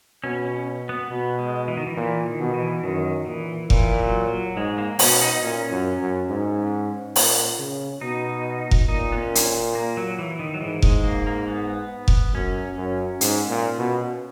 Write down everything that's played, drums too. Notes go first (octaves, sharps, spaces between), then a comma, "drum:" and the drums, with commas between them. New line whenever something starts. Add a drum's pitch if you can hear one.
B2 C#4
C#4
B3
B2 B3
G#3
E3
D#3
E3
A#2 E3
D#3
B2
E3
F#2 D#3
A#2 E3
A#2 E3, drum: kick F1
F#3
F#3
G#2 G#3
A#3
B2 C#4, drum: open hi-hat
D#4
A#2 C#4
F#2
F#2
G#2
A#2, drum: open hi-hat
C#3
B2 D#4
drum: kick F1
A#2 D#4
B3
C#4
drum: hi-hat
A#3
F#3
E3
D#3
F#3
G#2 E3
G#3, drum: kick F1
A#3
A#3
B3
drum: kick F1
F#2 C#4
F#2
G#2, drum: hi-hat
A#2
B2